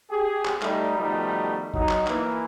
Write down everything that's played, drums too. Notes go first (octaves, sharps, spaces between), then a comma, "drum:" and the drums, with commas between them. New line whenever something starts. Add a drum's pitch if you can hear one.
G4 G#4
drum: clap
G3 A3 D#4, drum: clap
B2 D#3 F3 G3 A3 D#4
F#3 D#4, drum: kick
drum: clap
E3 A#3, drum: clap